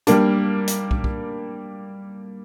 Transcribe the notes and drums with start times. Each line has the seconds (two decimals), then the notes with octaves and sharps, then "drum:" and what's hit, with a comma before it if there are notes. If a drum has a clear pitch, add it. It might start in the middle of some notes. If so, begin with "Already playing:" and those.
0.07 G3 A#3 D4, drum: hi-hat
0.68 drum: hi-hat
0.91 drum: kick
1.04 drum: kick